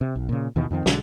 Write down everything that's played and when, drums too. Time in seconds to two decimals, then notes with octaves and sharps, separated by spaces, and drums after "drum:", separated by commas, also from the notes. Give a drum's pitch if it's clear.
0.01 C3
0.16 B1
0.29 A#2 C#3
0.56 D#2 B2 D#3 E3
0.71 F2 D#3 B3 C4
0.86 B1 D3 G#3, drum: snare